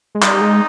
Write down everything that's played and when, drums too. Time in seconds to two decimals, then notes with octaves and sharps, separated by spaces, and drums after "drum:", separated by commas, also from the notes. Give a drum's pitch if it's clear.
0.15 G#3
0.22 G3 D#4, drum: clap
0.41 G#3